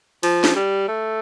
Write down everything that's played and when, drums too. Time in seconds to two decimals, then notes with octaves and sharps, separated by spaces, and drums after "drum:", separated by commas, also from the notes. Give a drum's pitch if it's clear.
0.23 F3, drum: cymbal
0.44 drum: snare
0.56 G3
0.88 A3